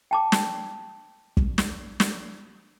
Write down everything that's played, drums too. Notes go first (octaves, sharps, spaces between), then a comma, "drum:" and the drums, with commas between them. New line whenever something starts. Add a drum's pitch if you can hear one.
G5 A5 D6
drum: snare
drum: kick
drum: snare
drum: snare